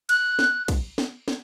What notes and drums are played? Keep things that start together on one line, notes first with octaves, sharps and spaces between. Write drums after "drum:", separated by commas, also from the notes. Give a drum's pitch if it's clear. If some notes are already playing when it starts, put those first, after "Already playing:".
F#6, drum: cymbal
drum: snare
drum: kick, cymbal
drum: snare
drum: snare